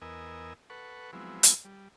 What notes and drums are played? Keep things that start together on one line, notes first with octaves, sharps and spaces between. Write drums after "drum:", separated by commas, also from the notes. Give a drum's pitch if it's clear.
E2 B3 A#4 D#5 G#5 E6
A4 B4 F#5 C#6
F3 F#3 G#3 B3 C4 E4
drum: hi-hat
G3